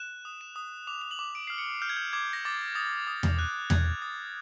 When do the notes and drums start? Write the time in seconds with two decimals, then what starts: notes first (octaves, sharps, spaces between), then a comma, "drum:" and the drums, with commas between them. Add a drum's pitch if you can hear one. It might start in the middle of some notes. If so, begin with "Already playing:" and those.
Already playing: F#6 E7
0.25 D#6
0.41 E7
0.56 D#6
0.87 D6 F7
1.02 F7
1.11 F#7
1.19 D6
1.35 D7
1.47 F6 C7
1.58 C#7
1.82 F6 G6
1.89 G#6
1.97 G6
2.13 D6 G#6
2.33 A#6
2.45 D6 A6
2.75 D#6 A6
3.07 D#6 A6
3.23 drum: tom E2
3.39 F#6 G6
3.70 F#6 G#6, drum: tom E2
4.02 D#6 A6